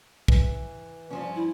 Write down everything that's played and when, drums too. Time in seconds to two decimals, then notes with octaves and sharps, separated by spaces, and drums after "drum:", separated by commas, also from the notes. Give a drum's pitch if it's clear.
0.28 E3, drum: kick
1.11 G2 F3 C#4
1.36 E4